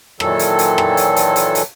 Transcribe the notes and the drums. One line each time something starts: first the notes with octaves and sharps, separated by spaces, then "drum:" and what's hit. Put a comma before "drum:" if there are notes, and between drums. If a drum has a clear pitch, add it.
A#2 D#3 E3 F#3 A4, drum: rim click
drum: hi-hat
drum: hi-hat
drum: rim click
drum: hi-hat
drum: hi-hat
drum: hi-hat
drum: hi-hat